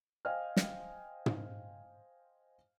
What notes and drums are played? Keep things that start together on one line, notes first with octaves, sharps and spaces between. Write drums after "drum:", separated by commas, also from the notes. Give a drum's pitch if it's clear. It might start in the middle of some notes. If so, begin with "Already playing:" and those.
C5 D#5 F5 G5 G#5 F6
drum: snare
drum: tom